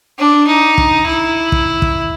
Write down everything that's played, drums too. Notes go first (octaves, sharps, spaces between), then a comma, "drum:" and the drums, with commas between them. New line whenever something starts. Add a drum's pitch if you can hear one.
D4
D#4
drum: kick
E4
drum: kick
drum: kick